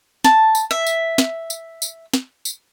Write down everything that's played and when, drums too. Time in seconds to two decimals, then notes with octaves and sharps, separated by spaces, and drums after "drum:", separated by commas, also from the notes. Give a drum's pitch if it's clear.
0.24 A5, drum: snare
0.55 drum: tambourine
0.71 E5
0.87 drum: tambourine
1.18 drum: snare
1.50 drum: tambourine
1.82 drum: tambourine
2.14 drum: snare
2.45 drum: tambourine